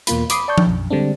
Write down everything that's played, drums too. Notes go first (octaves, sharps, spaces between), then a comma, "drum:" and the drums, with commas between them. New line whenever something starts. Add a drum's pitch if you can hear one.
E2 B2 A#3 F4 B5, drum: hi-hat
B5 D6 D#6 C7, drum: hi-hat
D5 A5 C#6 G6
drum: tom F3
B1 F#2
D3 G3 G#3 C4 D4